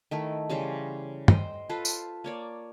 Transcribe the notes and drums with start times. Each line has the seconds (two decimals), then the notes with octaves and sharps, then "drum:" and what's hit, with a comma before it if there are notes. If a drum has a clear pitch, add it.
0.11 D#3 A3 E4
0.50 C#3 E3 G3 C5
1.28 C5 D#5 G5, drum: tom
1.69 F4 A4 B4 C5
1.85 drum: tambourine
2.24 A#3 C#5 D5